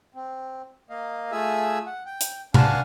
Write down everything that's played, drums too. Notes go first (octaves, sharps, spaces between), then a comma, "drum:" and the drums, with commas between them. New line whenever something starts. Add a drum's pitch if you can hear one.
C4
A#3 D#5 F5
A3 F4 G#4 E5 G#5 E6
F#5
G5
drum: hi-hat
D4 F5 F#5 G#5 A5 F6, drum: tom B2